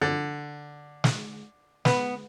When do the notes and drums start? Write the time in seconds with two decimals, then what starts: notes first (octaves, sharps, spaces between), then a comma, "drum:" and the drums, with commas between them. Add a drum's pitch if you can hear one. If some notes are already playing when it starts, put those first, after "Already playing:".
0.02 D3
1.04 drum: snare
1.85 B3, drum: snare